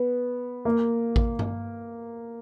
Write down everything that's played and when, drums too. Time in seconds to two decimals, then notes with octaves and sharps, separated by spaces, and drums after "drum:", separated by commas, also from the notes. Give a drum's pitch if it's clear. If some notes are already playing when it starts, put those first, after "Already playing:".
Already playing: B3
0.65 A#3
1.16 drum: kick A1
1.39 drum: tom G2